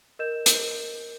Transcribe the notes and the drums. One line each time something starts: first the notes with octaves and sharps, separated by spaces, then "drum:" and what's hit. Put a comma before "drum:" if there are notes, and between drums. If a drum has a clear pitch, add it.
A#4 D#5 G6 E7
drum: hi-hat